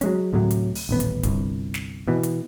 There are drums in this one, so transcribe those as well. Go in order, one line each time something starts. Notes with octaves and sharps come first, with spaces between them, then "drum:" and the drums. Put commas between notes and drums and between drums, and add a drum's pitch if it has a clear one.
F#3 G#3 C#4, drum: hi-hat
D2 A2 C3 F#3
drum: hi-hat
drum: open hi-hat
D#1 A1 B3
drum: hi-hat
G1 C2, drum: kick D1, hi-hat
drum: snare
B2 E3
drum: hi-hat